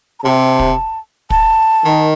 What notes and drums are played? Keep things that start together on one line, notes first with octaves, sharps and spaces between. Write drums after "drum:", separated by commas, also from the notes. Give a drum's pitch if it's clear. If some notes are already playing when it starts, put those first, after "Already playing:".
A#5
C3 A5
drum: kick
A5, drum: kick
D#3